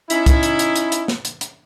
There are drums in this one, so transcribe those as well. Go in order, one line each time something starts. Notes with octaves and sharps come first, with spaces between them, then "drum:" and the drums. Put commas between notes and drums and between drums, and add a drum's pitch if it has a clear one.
C#4 D#4 E4, drum: hi-hat
drum: kick C2, hi-hat
drum: hi-hat
drum: hi-hat
drum: hi-hat
drum: hi-hat
drum: snare
drum: hi-hat
drum: hi-hat